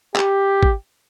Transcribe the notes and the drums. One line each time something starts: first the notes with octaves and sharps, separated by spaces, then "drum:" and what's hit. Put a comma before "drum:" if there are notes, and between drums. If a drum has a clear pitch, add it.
G4, drum: clap
drum: kick G#1